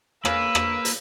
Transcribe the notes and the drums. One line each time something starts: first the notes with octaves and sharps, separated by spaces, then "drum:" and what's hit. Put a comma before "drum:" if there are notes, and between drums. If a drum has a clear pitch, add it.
C#3 A#3 B4 E6, drum: rim click
drum: rim click
drum: hi-hat